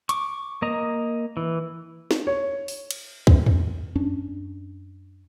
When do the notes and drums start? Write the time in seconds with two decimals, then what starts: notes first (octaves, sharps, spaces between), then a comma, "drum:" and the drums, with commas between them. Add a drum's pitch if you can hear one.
0.09 C#6 D6, drum: hi-hat
0.62 A#3 D#5 A#5
1.37 E3
2.11 drum: snare
2.27 C#5
2.68 drum: open hi-hat
2.91 drum: cymbal
3.27 drum: kick
3.46 drum: tom E2
3.95 F#2 C#4 D4